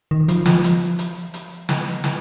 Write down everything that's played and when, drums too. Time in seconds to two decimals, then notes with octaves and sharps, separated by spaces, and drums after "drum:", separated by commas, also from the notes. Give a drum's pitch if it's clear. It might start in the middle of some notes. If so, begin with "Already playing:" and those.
0.11 D#3
0.28 F3, drum: hi-hat
0.46 F3, drum: snare
0.64 drum: hi-hat
0.99 drum: hi-hat
1.34 drum: hi-hat
1.69 drum: snare
2.04 drum: snare